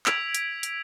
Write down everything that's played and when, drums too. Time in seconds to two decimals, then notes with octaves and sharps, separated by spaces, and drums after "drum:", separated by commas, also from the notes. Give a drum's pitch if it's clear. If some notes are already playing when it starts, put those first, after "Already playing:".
0.06 E6 G#6 B6 D7 F7, drum: clap
0.35 drum: hi-hat
0.63 drum: hi-hat